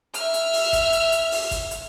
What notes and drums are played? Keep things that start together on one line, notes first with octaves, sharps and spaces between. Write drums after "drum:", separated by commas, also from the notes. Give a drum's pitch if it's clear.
E5 F6, drum: hi-hat
drum: hi-hat
drum: open hi-hat
drum: kick G#1, hi-hat
drum: hi-hat
drum: hi-hat
drum: open hi-hat
drum: kick G#1, hi-hat
drum: hi-hat